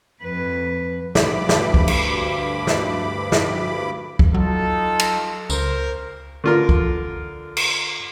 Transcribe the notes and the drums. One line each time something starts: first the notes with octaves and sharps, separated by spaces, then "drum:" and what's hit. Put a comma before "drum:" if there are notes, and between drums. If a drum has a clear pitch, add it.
F2 B4
D2 G2 B5 D6, drum: snare
drum: snare
drum: kick
drum: cymbal
drum: snare
drum: snare
drum: kick
F#3 D#4 F4 A4
drum: cymbal
C#2 A#4 C5, drum: tambourine
D3 F4 A#4
drum: kick
drum: cymbal